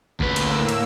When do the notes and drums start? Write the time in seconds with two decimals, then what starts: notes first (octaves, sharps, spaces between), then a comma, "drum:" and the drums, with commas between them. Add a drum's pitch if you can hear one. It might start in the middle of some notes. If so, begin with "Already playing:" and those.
0.20 D2 A2 A#3 B4 E6, drum: kick
0.36 drum: cymbal
0.69 drum: cymbal